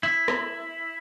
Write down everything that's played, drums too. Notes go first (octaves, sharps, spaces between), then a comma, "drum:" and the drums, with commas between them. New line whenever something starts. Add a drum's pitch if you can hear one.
E4
drum: rim click